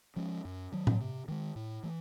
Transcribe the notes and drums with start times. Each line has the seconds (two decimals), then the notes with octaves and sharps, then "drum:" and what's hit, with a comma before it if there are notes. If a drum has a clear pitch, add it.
0.16 F3 G#3 C#4
0.45 F#2
0.72 D#3 F#3
0.87 drum: tom A2
1.00 C3
1.28 D#3 G#3
1.56 A2
1.83 E3 A3